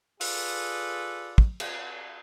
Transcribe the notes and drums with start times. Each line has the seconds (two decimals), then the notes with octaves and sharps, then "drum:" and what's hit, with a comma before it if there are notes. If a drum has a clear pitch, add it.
0.21 F4 G#4 A4 B4 D5, drum: open hi-hat
1.38 drum: kick
1.60 drum: cymbal